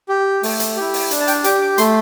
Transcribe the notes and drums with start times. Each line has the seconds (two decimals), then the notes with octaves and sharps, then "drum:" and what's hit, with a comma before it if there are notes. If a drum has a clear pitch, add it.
0.09 G4
0.43 A3, drum: open hi-hat
0.60 drum: hi-hat
0.77 E4 G4
0.94 drum: open hi-hat
1.11 D4, drum: hi-hat
1.20 A5
1.28 G5, drum: hi-hat
1.44 G4 D6, drum: hi-hat
1.61 D6
1.78 A3 C6, drum: hi-hat